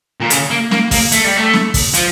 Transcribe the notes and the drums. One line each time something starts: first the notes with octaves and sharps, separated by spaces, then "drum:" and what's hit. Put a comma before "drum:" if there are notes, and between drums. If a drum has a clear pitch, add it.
A#2
C#3, drum: hi-hat
A#3
A#3, drum: snare
A#3, drum: kick, open hi-hat
A3, drum: hi-hat
G3
A3
drum: snare
drum: kick, open hi-hat
F3, drum: hi-hat